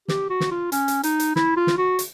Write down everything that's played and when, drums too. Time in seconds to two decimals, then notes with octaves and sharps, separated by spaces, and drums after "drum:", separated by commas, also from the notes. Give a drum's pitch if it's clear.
0.08 G4, drum: snare
0.30 F#4
0.40 drum: snare
0.51 F4
0.72 C#4, drum: hi-hat
0.88 drum: hi-hat
1.03 D#4, drum: hi-hat
1.20 drum: hi-hat
1.36 E4, drum: snare
1.57 F4
1.67 drum: snare
1.78 F#4
1.99 drum: hi-hat